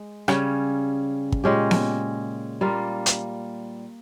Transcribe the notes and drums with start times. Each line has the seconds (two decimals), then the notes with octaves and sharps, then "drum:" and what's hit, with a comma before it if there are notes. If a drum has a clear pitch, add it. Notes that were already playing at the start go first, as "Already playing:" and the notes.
Already playing: G#3
0.28 C#3 G3 C#4, drum: rim click
1.32 drum: kick
1.44 A#2 G#3 C#4 G4
1.71 drum: snare B3
2.61 G3 A#3 F4
3.06 drum: hi-hat